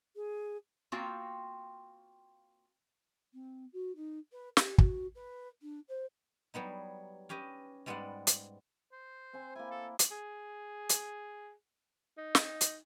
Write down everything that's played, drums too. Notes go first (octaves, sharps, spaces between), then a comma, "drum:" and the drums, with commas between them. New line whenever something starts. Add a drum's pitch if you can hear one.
G#4
A#3 C4 F4 F#4 F5 G5
C4
F#4
D#4
B4
G4, drum: snare
F#4, drum: kick
B4
D4
C5
F#3 G3 B3 D#4
C#4 G4 B4 D#5
G#2 G3 G#3 B3 D5 F#5
drum: hi-hat
C5
C4 G#5
A#3 E4 G#5
A4
drum: hi-hat
G#4
drum: hi-hat
D#4
drum: snare
drum: hi-hat